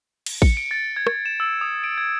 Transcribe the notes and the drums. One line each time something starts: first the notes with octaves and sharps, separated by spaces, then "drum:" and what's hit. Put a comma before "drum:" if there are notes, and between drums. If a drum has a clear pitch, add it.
drum: cymbal
C#7, drum: kick
D7
A6
G#6
drum: rim click
E7
E6
D#6
D7
G#6